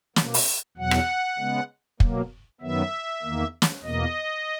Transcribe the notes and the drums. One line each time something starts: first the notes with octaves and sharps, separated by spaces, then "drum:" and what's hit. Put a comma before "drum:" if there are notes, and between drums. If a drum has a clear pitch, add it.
B2 A#3, drum: snare
drum: open hi-hat
E2 B2 F#3 F#5
drum: rim click
C#3 G#3 B3
B2 F#3 A#3, drum: kick
F#2 D#3 F#3 B3 E5
E2 D#3 A#3
drum: snare
E2 B2 A#3 D#5